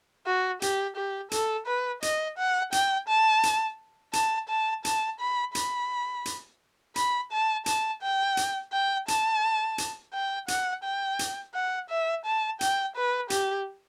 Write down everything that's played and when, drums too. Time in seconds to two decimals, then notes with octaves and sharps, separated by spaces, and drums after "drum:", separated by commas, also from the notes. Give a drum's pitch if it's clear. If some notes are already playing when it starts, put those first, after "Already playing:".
0.26 F#4
0.62 G4, drum: hi-hat
0.96 G4
1.31 A4, drum: hi-hat
1.67 B4
2.02 D#5, drum: hi-hat
2.38 F#5
2.72 G5, drum: hi-hat
3.08 A5
3.43 drum: hi-hat
4.13 A5, drum: hi-hat
4.49 A5
4.85 A5, drum: hi-hat
5.20 B5
5.55 B5, drum: hi-hat
6.25 drum: hi-hat
6.96 B5, drum: hi-hat
7.32 A5
7.66 A5, drum: hi-hat
8.02 G5
8.37 drum: hi-hat
8.73 G5
9.08 A5, drum: hi-hat
9.78 drum: hi-hat
10.13 G5
10.48 F#5, drum: hi-hat
10.84 G5
11.19 drum: hi-hat
11.54 F#5
11.89 E5
12.25 A5
12.61 G5, drum: hi-hat
12.96 B4
13.30 G4, drum: hi-hat